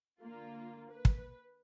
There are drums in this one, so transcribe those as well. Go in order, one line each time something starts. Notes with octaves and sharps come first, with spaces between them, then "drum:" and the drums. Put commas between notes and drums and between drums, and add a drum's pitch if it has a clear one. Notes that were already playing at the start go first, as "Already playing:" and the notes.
D3 A#3 F4
B4
drum: kick